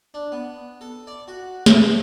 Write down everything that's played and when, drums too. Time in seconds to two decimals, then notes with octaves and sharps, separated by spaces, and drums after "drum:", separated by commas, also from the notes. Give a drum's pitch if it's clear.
0.14 D4
0.32 B3
0.81 A4
1.07 D5
1.28 F#4
1.66 E3, drum: snare
1.79 F3